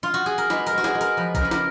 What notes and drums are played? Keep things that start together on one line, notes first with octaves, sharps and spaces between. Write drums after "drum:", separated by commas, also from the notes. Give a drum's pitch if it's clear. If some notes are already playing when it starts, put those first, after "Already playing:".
F4
F#4
G#4
A#4
G#3 B4, drum: snare
A#4, drum: tambourine
G#3 F#4
G#4, drum: snare
G#3
A#4, drum: tambourine
F3 B4
A#4, drum: kick, tambourine
C#3 B4
A#4, drum: snare